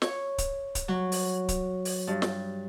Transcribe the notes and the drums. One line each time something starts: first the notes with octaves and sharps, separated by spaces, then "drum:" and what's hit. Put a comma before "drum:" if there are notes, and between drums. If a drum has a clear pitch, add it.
C#5, drum: snare
drum: kick C#1, hi-hat
drum: kick C#1, hi-hat
F#3
drum: open hi-hat
drum: kick C#1, hi-hat
drum: open hi-hat
G2
drum: snare